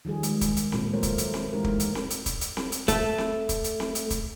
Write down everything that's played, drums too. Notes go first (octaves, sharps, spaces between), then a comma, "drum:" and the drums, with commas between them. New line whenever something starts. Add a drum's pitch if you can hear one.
D#3 F3 G3 G#4
G#3, drum: hi-hat
drum: kick, hi-hat
drum: hi-hat
A#2 F3, drum: snare C4
F#3 A3 A#4 C5 C#5
drum: kick, hi-hat
drum: hi-hat
drum: snare C4
E3 G#3 D#4 G4 A#4
drum: kick
drum: hi-hat
drum: snare C4
drum: hi-hat
drum: kick, hi-hat
drum: hi-hat
drum: snare C4
drum: hi-hat
A3, drum: kick, hi-hat
drum: snare C4
drum: kick, hi-hat
drum: hi-hat
drum: snare C4
drum: hi-hat
drum: kick, hi-hat